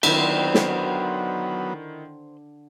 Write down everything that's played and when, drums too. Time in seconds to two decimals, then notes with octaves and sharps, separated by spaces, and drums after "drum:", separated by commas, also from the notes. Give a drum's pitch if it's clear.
0.03 D3 D#3 F#3 B3 E4 C5 G5 B6, drum: cymbal
0.54 drum: snare